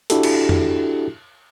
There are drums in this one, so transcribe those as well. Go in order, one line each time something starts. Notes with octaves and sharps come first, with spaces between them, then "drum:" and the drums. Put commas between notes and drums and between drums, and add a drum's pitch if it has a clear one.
D4 E4 F#4 G4 A4, drum: hi-hat
drum: cymbal
drum: tom F2